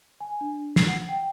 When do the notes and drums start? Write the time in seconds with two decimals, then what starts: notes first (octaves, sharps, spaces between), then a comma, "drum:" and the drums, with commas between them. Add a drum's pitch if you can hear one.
0.20 G#5
0.41 D4
0.76 C7, drum: snare
0.88 F#5
1.09 G5